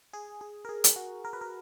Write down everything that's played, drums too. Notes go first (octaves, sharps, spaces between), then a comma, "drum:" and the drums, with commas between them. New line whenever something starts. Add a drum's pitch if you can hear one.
G#4
G#4
A#4
G#4
drum: hi-hat
F#4
A#4
B4
A#4